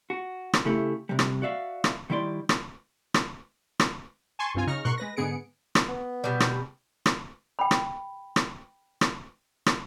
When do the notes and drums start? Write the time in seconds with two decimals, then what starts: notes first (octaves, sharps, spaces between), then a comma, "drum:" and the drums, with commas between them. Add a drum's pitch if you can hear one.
0.10 F#4
0.53 drum: rim click
0.65 C#3 A3 E4 G4
1.09 C3 G3
1.19 drum: rim click
1.42 F#4 D5 E5 F5
1.84 drum: rim click
2.10 D#3 G3 E4 D5 C6
2.49 drum: rim click
3.14 drum: rim click
3.80 drum: rim click
4.39 G#5 A5 C6 C#6
4.54 C#2 G2 C4 F4 G#5
4.67 C#3 D#4 C#6 F6 A#6
4.85 G#2 B2 A#4 C6 C#6 F#6
4.98 G#3 B4 A#6
5.16 G#2 D3 B3 G#4 C#7 D7
5.75 drum: rim click
5.89 B3
6.24 B2 G3
6.40 drum: rim click
7.06 drum: rim click
7.59 G5 B5
7.71 drum: rim click
8.36 drum: rim click
9.01 drum: rim click
9.66 drum: rim click